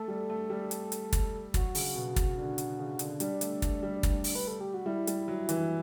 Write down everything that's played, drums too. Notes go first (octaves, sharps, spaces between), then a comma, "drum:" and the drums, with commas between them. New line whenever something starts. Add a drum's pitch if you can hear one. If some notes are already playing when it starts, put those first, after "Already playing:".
Already playing: A3 A4
G3
A3
G3
drum: hi-hat
drum: hi-hat
drum: kick, hi-hat
F#3 F#4, drum: kick, hi-hat
C#3, drum: open hi-hat
B2
drum: kick, hi-hat
D3
drum: hi-hat
C#3
D3, drum: hi-hat
G3 D4, drum: hi-hat
A3, drum: hi-hat
A3, drum: kick, hi-hat
G3
drum: kick, hi-hat
drum: open hi-hat
B4
A4
G4
F#4
G3 E4
G3, drum: hi-hat
F#3
E3, drum: hi-hat